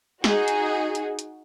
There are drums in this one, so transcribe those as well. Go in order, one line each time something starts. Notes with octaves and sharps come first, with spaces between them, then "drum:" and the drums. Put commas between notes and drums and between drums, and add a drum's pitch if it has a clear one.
D#4 F#4 G#4, drum: snare
drum: hi-hat
drum: hi-hat
drum: hi-hat